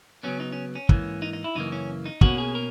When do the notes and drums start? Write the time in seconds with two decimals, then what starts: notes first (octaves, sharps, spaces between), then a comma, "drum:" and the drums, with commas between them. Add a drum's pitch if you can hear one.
0.23 C#3 F#3 B3 C#4
0.40 D#4
0.52 C#4
0.75 C#4
0.89 G#2 E3 A#3, drum: kick
1.22 D#4
1.33 D#4
1.44 E4
1.55 F#2 C#3 E3 A#3 D#4
1.72 C#4
2.06 D#4
2.21 B2 A#3 C#4 F#4, drum: kick
2.38 G#4
2.55 A#4